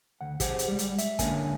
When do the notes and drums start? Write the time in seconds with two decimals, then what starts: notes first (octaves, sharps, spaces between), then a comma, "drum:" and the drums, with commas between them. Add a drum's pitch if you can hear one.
0.21 D2 F#5
0.40 G4 G#4 C5 F#5, drum: kick, hi-hat
0.59 drum: hi-hat
0.68 G3 G#3
0.79 drum: hi-hat
0.98 E5, drum: hi-hat
1.19 D3 G#3 A#3 C#4 A#4 G#5, drum: kick, hi-hat